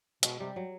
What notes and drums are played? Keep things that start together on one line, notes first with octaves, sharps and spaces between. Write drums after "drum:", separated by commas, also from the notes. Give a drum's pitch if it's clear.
B2 G#3, drum: hi-hat
C3 G3
F#3